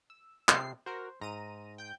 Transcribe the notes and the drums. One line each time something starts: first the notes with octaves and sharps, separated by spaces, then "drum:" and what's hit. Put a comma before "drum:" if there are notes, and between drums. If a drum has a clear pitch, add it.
E6
C3 C4 C7, drum: clap
F#4 A#4 C5
G#2 A#5 D#7
G5 G6